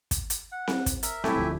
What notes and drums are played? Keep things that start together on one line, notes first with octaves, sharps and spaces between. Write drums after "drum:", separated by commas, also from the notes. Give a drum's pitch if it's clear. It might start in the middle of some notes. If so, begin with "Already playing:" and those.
drum: kick, hi-hat
drum: hi-hat
F#5
drum: snare C4
drum: kick, hi-hat
A#4 E5, drum: hi-hat
G3 A3 E4 G4 E5 G#5, drum: snare C4
E1 D2 F3